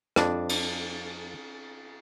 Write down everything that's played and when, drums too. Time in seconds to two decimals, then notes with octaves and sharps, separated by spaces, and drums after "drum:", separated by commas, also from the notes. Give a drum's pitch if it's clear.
0.16 F2 D4, drum: rim click
0.49 drum: cymbal